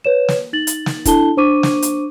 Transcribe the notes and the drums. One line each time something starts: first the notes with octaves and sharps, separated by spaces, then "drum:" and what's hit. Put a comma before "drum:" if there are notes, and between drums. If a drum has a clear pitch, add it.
B4 C#5 E7
drum: snare
D#4 A6 F#7
drum: hi-hat
drum: snare
D4 E4 A4 A5 G7, drum: kick, hi-hat
D4 C5 C#6 D6 D#7
drum: snare
drum: hi-hat